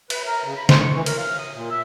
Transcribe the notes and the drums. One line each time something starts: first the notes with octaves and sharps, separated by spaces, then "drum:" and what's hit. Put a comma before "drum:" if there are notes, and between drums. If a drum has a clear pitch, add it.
B4, drum: cymbal
A#4
C#3
B5
C5, drum: snare
C#6
E3
A#4, drum: cymbal
F5
D#6
A#2
E5